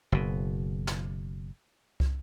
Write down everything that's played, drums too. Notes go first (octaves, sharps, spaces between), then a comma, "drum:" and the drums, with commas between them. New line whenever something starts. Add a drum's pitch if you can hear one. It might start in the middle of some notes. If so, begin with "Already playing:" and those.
F#1 B2
drum: snare
drum: kick